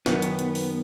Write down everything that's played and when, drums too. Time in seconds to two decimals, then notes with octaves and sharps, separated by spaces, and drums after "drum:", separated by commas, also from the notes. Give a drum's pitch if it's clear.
0.06 F#2 D#3 F#3 B3, drum: snare
0.22 drum: hi-hat
0.39 drum: hi-hat
0.55 drum: open hi-hat